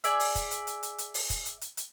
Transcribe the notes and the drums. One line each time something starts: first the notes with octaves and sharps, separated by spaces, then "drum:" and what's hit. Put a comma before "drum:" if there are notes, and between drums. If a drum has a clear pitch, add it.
G#4 D5 E5, drum: hi-hat
drum: open hi-hat
drum: kick, hi-hat
drum: hi-hat
drum: hi-hat
drum: hi-hat
drum: hi-hat
drum: open hi-hat
drum: kick, hi-hat
drum: hi-hat
drum: hi-hat
drum: hi-hat